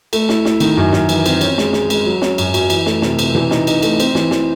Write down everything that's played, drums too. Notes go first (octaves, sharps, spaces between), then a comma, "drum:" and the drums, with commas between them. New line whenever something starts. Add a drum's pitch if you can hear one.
A3, drum: cymbal
E4, drum: snare
E4, drum: snare
D#3, drum: cymbal
F#2
F#2, drum: snare
E3, drum: cymbal
C4, drum: cymbal
C#4, drum: cymbal
G#3, drum: snare
G#3, drum: snare
G#3, drum: cymbal
F#3
C#4, drum: snare
F#2, drum: cymbal
F#2, drum: cymbal
E3, drum: cymbal
A3, drum: snare
C3, drum: snare
C3, drum: cymbal
E3, drum: tom B2
D#4, drum: snare
D#4, drum: cymbal
A3, drum: cymbal
C4, drum: cymbal
E3, drum: snare
E3, drum: snare